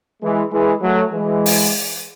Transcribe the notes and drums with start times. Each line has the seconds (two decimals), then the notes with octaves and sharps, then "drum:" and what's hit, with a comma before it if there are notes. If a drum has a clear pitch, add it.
0.23 E3 G#3
0.52 E3 G#3
0.82 F#3 A3
1.12 E3 G#3
1.46 drum: open hi-hat